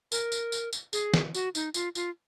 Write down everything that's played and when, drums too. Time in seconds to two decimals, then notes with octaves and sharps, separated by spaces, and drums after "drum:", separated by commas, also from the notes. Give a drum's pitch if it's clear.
0.12 A#4, drum: tambourine
0.32 drum: tambourine
0.52 drum: tambourine
0.73 drum: tambourine
0.93 G#4, drum: tambourine
1.14 drum: snare
1.34 F#4, drum: tambourine
1.55 D#4, drum: tambourine
1.74 F4, drum: tambourine
1.95 F4, drum: tambourine